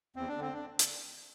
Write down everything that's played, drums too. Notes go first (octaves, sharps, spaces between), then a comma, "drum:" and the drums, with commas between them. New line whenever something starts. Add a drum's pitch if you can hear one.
E2 C4
D4
D3 C4
D4
drum: hi-hat